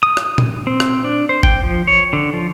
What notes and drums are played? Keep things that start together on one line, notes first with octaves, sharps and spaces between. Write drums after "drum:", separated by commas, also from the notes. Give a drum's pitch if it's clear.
D#6
drum: rim click
drum: tom A#2
C4
drum: rim click
D4
C5
G5, drum: kick G1
F3
C#5
D3
F3